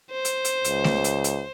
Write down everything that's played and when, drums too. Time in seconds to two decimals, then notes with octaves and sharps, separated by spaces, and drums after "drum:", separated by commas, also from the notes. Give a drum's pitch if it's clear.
0.11 C5
0.25 drum: hi-hat
0.45 drum: hi-hat
0.64 C#2, drum: hi-hat
0.84 drum: snare A3
1.04 drum: hi-hat
1.24 drum: hi-hat